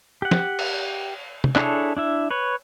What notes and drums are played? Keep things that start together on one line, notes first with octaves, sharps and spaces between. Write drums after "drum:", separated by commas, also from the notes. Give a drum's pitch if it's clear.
G4 F#5
drum: snare
drum: cymbal
drum: tom
D4 E4 G#4 A4 C#5, drum: clap
D4 E4 E5
B4 C#5